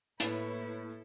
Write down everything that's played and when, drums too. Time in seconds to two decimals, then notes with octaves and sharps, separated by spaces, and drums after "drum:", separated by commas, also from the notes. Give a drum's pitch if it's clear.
0.20 A2 A#3 E4 A4 B4 C#5, drum: hi-hat